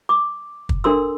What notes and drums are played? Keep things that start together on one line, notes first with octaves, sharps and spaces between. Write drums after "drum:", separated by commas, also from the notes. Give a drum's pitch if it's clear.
D6
drum: kick
D4 A4 A#4 C6 E6